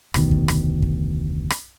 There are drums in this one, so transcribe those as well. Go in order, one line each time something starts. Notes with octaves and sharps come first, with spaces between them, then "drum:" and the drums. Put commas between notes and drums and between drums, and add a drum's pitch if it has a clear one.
F1 D2 B2 D#3, drum: rim click
drum: kick
drum: rim click
drum: kick
drum: rim click